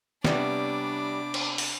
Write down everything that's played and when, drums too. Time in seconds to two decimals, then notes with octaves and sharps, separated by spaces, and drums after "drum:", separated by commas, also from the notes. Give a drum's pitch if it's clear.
0.24 C3 G3 B3 C#4 D4 D6, drum: snare
1.34 drum: cymbal
1.58 drum: open hi-hat